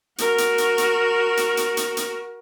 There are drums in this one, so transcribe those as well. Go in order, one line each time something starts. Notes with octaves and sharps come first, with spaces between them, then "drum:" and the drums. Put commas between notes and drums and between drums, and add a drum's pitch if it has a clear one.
F#4 A#4, drum: hi-hat
drum: hi-hat
drum: hi-hat
drum: hi-hat
drum: hi-hat
drum: hi-hat
drum: hi-hat
drum: hi-hat